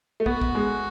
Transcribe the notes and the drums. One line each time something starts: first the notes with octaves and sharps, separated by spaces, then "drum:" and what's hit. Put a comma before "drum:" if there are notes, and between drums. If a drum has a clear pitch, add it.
A3
B3 F#4, drum: kick
drum: kick
G#3